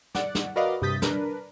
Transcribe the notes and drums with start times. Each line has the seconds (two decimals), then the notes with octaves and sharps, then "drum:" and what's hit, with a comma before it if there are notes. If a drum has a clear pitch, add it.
0.15 D5 F#5, drum: snare
0.35 drum: snare
0.56 F#4 A#4 B4 D5 D#5 F5
0.82 G2 C3 D#6 G6 A6 B6
1.02 D4 A#4 B4, drum: snare